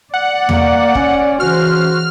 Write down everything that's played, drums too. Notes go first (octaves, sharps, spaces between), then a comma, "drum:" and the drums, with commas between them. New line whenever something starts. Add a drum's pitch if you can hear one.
D5 F#5
A#3, drum: tom E2
C#4, drum: kick
C#3 E3 F#4 C5 F6